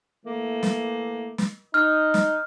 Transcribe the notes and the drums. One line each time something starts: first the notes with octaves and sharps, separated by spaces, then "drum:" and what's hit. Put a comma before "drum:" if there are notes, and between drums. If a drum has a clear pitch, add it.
E3 A3 A#3
drum: snare
drum: snare
D#4 F6
drum: snare